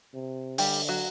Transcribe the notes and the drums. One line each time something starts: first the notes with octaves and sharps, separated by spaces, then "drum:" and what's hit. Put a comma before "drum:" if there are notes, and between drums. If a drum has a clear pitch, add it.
C3
D3 G3 G4, drum: open hi-hat
F#3 F#4